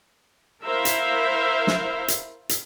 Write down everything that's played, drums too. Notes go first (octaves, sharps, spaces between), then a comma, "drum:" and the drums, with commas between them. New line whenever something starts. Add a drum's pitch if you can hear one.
E4 A#4 C5 E5 F5
drum: hi-hat
drum: snare
drum: hi-hat
drum: hi-hat